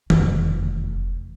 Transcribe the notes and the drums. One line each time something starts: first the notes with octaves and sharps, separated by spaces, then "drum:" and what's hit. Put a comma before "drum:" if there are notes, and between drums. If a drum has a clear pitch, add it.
F1 E2, drum: tom D#3